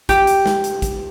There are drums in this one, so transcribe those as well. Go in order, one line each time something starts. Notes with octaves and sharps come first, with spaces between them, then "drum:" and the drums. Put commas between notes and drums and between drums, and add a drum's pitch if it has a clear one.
G4, drum: kick, hi-hat
drum: hi-hat
drum: snare
drum: hi-hat
drum: kick, hi-hat